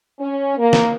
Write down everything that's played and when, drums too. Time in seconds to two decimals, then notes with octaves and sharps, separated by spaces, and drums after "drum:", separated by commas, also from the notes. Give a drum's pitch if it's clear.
0.20 C#4
0.57 A#3
0.73 drum: snare